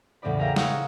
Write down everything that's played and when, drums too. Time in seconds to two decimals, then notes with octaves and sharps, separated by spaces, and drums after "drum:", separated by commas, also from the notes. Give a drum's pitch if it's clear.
0.22 E2 A2 C#3 C4 D5 B5
0.39 G#4 A#4 E5 F5 G5 A#5
0.56 F5 C#6 D#6 E6 F#6 G#6, drum: snare